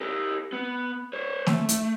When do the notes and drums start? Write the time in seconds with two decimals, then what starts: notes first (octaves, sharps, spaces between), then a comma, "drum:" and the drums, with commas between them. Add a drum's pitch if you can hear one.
0.01 G4 A#4
0.53 B3
1.13 C5 C#5
1.46 A3, drum: snare
1.69 drum: hi-hat